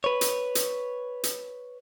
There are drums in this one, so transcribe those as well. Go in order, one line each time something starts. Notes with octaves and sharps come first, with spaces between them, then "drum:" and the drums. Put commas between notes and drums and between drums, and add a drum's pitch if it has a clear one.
B4 C#5
drum: hi-hat
drum: hi-hat
drum: hi-hat